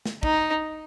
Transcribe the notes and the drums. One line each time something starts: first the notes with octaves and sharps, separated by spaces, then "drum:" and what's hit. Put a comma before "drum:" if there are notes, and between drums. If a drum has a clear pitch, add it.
drum: snare
D#4, drum: kick